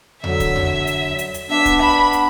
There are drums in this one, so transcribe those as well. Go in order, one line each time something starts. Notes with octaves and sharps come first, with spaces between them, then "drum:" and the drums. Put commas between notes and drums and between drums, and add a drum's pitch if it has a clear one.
D3 F#3 E5, drum: tom E2
drum: kick C#1, hi-hat
drum: tom E2
drum: hi-hat
drum: hi-hat
drum: hi-hat
B3 D4 E5
drum: kick C#1, hi-hat
B5
drum: hi-hat